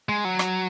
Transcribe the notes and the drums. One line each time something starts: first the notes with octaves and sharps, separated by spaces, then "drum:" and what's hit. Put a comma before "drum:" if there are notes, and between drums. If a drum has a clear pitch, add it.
G#3
F#3
drum: rim click